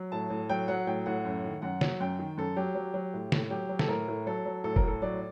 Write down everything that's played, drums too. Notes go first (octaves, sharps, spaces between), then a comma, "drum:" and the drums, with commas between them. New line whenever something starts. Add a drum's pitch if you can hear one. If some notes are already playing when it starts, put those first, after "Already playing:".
Already playing: F#3
A2 A5
A2
F#3 G5
F#3 F#5
A2 G5
A2 F#5
F#2
D#3
F#2 F#5
F#3, drum: snare
F#2 G5
D#3
F#2 A4
F#3 G4
F#3
F#3
A2
A2, drum: snare
F#3 G4
F#3
A4, drum: snare
A2 A#4
A2
F#3 A4
F#3
A2 A4
A#4, drum: kick
A2 A4
F#3 D5